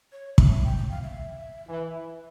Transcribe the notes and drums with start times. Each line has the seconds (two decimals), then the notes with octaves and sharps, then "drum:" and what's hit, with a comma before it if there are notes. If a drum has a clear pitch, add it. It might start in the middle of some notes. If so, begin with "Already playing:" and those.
0.12 C#5
0.38 E5, drum: kick
0.64 G5
0.78 G5
0.90 F5
1.03 E5
1.68 E3